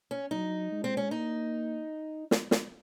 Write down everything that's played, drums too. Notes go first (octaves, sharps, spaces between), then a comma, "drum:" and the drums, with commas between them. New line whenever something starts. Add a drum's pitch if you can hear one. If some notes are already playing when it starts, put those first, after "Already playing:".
C#4
F#3 D#4
G#3
C4
C#4
A#3 D#4
drum: snare
drum: snare